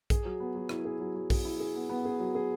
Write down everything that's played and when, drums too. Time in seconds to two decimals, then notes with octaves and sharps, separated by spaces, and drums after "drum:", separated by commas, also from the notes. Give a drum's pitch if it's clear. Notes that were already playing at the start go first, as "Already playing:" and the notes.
0.10 G#4, drum: kick A#1, hi-hat
0.25 F#3
0.40 B3
0.55 F#3
0.69 E4, drum: rim click
0.85 G#4
1.00 F#3
1.14 F#3
1.30 G#4, drum: kick A#1, open hi-hat
1.45 E4
1.60 G#4
1.75 B3
1.89 B3
2.05 G#4
2.20 F#3
2.35 G#4